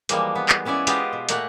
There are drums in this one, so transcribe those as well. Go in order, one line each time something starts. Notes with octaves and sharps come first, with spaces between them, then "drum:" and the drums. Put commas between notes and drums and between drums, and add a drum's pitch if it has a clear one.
E3 F3 G3 G#3 A#3, drum: hi-hat
B3
drum: clap
B3 C#4 E4 D5 G#5
G#3 B3 F4 G4 C5 D#5, drum: hi-hat
B2
A#2 A3 A#3 A#4 F#5, drum: hi-hat